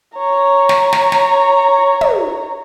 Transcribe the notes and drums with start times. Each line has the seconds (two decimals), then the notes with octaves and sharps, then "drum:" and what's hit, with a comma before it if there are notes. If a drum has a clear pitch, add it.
0.17 C#5 A#5
0.69 drum: snare
0.93 drum: snare
1.12 drum: snare
2.01 drum: tom